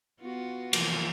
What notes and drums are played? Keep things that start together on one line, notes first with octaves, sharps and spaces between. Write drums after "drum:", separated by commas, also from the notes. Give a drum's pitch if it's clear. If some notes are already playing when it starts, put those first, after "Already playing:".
B3 F4 F#4
E3 F3 A#3, drum: cymbal